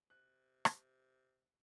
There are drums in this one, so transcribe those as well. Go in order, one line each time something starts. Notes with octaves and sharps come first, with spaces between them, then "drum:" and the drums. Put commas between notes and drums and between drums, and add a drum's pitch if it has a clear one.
C3 F#6
drum: rim click